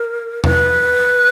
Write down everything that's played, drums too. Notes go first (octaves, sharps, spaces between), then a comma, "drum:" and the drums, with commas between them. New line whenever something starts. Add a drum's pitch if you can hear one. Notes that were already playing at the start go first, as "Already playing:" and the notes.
Already playing: A#4
B4, drum: tom E2